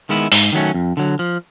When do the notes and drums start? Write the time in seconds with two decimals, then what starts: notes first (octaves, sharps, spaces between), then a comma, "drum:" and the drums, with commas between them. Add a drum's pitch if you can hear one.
0.09 D#3 G#3 B3 E4
0.32 G#2, drum: open hi-hat
0.53 D#3 F#3 A3 C#4
0.74 F2
0.97 D3 F#3
1.19 F3